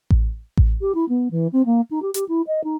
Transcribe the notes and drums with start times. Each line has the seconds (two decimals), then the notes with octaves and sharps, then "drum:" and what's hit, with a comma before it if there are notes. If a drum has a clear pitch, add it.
0.10 drum: kick A1
0.57 drum: kick A1
0.81 G4
0.95 E4
1.09 B3
1.31 E3
1.53 C4
1.66 A#3
1.91 D#4
2.02 G4
2.14 G4, drum: hi-hat
2.28 E4
2.47 D#5
2.64 D#4